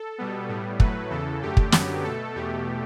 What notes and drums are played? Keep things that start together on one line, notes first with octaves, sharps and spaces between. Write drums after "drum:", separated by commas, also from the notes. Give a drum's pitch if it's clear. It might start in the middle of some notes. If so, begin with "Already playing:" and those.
Already playing: A4
B2 G3 B3
A2 G3 B3
A2 F#3 A3 B4, drum: kick
E2 C#3 E3 A4
F#2 D3 A3 G4
drum: kick
F#2 D3 F#3 B3, drum: snare
B2 A3 A4
E2 B2 A3 G4